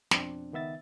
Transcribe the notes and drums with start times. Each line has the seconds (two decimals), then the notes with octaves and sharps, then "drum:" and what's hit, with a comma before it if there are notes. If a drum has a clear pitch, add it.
0.11 F2 B2 C4 D4, drum: snare
0.52 C#2 D#3 B3 E5 A6